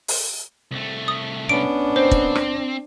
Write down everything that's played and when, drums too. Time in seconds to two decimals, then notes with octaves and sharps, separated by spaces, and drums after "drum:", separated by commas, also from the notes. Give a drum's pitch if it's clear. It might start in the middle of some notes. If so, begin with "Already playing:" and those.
0.08 drum: open hi-hat
0.71 C2 A3
1.08 D#6
1.49 B3 C#4 D4 D7
1.96 C4 C5
2.11 drum: kick
2.35 drum: rim click